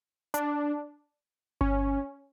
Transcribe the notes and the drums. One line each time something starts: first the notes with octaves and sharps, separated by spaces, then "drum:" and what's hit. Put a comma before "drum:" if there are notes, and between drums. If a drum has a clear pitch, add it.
D4, drum: hi-hat
C#4, drum: kick G1